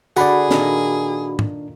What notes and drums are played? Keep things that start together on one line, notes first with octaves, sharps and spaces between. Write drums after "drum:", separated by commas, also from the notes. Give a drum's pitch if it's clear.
D3 F#4 G#4 D5 F#5 B5, drum: tambourine
A#2 D#3 A#3 D4, drum: snare
drum: tom G#2